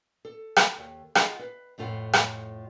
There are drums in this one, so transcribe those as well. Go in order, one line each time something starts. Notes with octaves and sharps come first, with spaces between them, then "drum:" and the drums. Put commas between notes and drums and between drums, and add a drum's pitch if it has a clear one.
A4
drum: rim click
D#2
F4 G#4 D#5 F5 F#5, drum: rim click
B4
F2 A2 F4 A4 F#5
drum: rim click